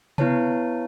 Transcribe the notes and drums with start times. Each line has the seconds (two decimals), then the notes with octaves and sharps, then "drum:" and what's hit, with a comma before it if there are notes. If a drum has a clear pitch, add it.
0.18 B3 E4 B4 C#5 A5, drum: tom C3